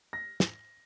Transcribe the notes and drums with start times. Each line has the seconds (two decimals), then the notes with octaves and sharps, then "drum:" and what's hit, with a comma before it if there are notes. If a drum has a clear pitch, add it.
0.13 A#6
0.40 drum: snare